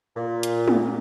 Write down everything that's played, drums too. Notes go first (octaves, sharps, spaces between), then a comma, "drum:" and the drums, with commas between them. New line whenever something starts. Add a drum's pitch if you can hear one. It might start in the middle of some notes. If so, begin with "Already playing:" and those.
A#2
drum: hi-hat
drum: tom